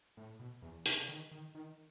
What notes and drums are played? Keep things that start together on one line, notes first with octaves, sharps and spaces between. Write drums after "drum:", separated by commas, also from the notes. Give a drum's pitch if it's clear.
A2
B2
E2
C3, drum: hi-hat
D#3
D#3
D#3